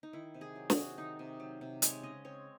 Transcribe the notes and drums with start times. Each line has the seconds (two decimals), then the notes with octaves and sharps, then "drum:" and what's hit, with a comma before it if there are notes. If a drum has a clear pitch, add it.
0.03 D#4
0.13 D#3 E4
0.34 C3
0.41 G#4
0.56 F#3
0.70 F#4, drum: snare
0.77 C3
0.98 D#3 D#4
1.19 C3
1.40 F#3
1.61 C3
1.82 G#3 C#5, drum: hi-hat
2.03 C#3 D#5
2.25 C4 C#5